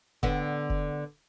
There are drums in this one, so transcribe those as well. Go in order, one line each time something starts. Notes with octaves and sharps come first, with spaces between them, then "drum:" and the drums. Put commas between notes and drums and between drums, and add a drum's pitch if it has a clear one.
D3 B3, drum: kick F1
drum: kick F1